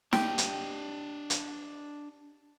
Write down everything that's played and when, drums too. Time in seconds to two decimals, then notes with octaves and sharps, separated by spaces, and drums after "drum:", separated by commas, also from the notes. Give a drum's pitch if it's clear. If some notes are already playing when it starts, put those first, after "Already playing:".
0.13 D4 G4 D#5, drum: snare
0.38 drum: hi-hat
1.30 drum: hi-hat